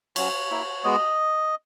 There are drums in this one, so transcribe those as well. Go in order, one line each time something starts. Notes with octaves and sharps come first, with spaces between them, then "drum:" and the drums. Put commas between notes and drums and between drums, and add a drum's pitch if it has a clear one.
F#3 C#4 F#4 C#5, drum: cymbal
A#3 E4
G#3 B3 F#4 D#5